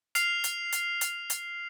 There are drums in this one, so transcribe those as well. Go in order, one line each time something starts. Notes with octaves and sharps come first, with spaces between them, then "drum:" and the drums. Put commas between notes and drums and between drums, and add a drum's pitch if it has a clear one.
F6 C7 F7, drum: hi-hat
drum: hi-hat
drum: hi-hat
drum: hi-hat
drum: hi-hat